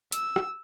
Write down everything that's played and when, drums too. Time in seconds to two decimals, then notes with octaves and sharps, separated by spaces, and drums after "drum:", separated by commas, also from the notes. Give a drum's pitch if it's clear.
0.12 E6, drum: hi-hat
0.36 drum: rim click